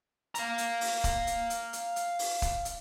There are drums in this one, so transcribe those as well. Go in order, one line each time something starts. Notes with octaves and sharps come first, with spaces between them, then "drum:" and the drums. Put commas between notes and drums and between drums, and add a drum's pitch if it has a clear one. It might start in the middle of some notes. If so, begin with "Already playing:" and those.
F5 A#5, drum: hi-hat
drum: hi-hat
drum: open hi-hat
drum: kick, hi-hat
drum: hi-hat
drum: hi-hat
drum: hi-hat
drum: hi-hat
drum: open hi-hat
drum: kick, hi-hat
drum: hi-hat